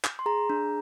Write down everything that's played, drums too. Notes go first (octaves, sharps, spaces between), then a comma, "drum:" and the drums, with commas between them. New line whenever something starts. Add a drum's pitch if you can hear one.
drum: clap
C6
G#4 A#5
D4